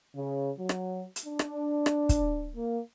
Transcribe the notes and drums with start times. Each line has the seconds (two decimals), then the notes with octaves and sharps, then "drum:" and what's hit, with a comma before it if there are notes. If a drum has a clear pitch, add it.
0.15 C#3
0.59 F#3
0.69 drum: rim click
1.16 drum: hi-hat
1.26 D4
1.39 drum: rim click
1.86 drum: rim click
2.09 drum: kick, hi-hat
2.56 A#3